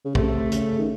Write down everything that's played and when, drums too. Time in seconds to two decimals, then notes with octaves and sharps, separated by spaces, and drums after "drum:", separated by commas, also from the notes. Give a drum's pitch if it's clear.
0.05 C#3
0.15 C3 A3, drum: kick
0.52 C#3, drum: hi-hat
0.79 D#3